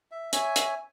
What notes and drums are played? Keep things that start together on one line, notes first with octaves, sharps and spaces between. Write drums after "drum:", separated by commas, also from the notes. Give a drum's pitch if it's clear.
E5
C#5 E5 G#5, drum: hi-hat
drum: hi-hat